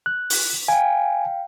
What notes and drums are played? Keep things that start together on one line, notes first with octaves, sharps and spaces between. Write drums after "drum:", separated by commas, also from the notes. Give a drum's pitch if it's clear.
F#6
drum: open hi-hat
F5 G5 G#5